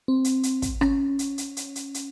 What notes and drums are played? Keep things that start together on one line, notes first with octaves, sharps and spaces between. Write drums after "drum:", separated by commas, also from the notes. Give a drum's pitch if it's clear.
C4
drum: hi-hat
drum: hi-hat
drum: kick, hi-hat
C#4, drum: rim click
drum: hi-hat
drum: hi-hat
drum: hi-hat
drum: hi-hat
drum: hi-hat